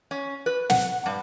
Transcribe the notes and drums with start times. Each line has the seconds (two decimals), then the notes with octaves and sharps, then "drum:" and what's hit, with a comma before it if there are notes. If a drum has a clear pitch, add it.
0.11 C#4
0.46 B4
0.70 F#5, drum: snare
1.06 G2